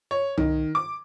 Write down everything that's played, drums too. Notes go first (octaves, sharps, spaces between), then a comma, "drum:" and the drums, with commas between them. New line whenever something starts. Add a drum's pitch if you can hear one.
C#5
D#3, drum: tom C2
D6